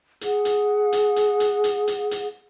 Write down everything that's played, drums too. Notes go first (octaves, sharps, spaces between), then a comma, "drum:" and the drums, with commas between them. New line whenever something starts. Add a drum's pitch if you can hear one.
G#4 F#5, drum: hi-hat
drum: hi-hat
drum: hi-hat
drum: hi-hat
drum: hi-hat
drum: hi-hat
drum: hi-hat
drum: hi-hat